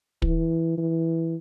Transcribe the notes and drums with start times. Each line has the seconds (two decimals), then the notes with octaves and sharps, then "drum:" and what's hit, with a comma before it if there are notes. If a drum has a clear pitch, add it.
0.22 E3, drum: kick
0.77 E3